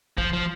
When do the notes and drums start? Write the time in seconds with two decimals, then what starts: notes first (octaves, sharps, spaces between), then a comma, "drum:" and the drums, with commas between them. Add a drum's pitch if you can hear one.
0.18 F3, drum: kick
0.33 F3